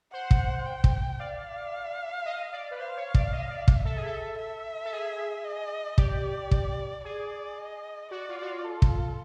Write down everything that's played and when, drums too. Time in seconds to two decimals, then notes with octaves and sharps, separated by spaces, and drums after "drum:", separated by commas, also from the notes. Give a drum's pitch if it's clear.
0.13 C5 F#5
0.31 drum: kick
0.66 G5
0.84 drum: kick
1.19 D5 F5
2.25 D#5
2.53 D5
2.71 B4
2.79 C5 F5
2.97 C#5
3.14 D5, drum: kick
3.32 D#5
3.50 D5
3.68 drum: kick
3.85 A4 E5
3.97 G#4
4.06 A4
4.38 E5
4.85 A4
4.92 G#4
5.44 D#5
5.98 G4 D5, drum: kick
6.51 drum: kick
7.05 G#4 D5
7.58 D#5
8.11 F#4 D5
8.29 F4
8.42 F#4
8.46 F4
8.64 A4
8.82 drum: kick